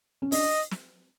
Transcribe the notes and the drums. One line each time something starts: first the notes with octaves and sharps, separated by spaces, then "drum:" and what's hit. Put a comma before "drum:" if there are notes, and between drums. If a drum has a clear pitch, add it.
C#4
D4 D#5, drum: open hi-hat
drum: snare